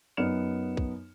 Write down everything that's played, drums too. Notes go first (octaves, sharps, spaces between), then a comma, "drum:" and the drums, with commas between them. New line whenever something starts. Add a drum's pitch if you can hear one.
F#2 B3 D#4 F6 C#7 E7
drum: kick